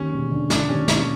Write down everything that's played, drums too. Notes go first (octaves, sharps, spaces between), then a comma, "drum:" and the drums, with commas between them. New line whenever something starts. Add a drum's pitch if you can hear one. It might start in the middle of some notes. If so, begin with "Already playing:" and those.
Already playing: D#2 C#4
E1
D3
E1 D4, drum: snare
D#2 C#4
E1 C#4, drum: snare